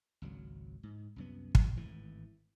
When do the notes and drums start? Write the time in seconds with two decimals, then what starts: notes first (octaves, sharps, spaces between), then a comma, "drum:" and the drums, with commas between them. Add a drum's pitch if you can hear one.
0.22 G#1 C#2 F#3
0.83 G#2
1.16 C2 F#2 B3
1.55 G#1, drum: kick
1.77 G#1 A2 E3